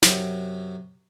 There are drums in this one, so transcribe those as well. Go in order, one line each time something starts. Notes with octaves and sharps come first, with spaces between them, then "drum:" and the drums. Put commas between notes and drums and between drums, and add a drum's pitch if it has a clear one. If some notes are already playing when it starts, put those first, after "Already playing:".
F#2 C3 F#3, drum: snare